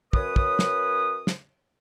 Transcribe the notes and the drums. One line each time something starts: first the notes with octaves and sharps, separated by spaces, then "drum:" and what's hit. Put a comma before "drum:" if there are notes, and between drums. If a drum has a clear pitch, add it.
F#2 B4 C#5 D#6, drum: kick
drum: kick
drum: snare
drum: snare